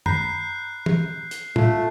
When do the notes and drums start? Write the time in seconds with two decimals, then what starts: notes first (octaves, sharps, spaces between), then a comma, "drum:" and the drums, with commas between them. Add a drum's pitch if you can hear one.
0.06 A#5 B5 F#6 G6 C7, drum: tom F#2
0.86 drum: tom
1.31 drum: hi-hat
1.56 A3 F4, drum: tom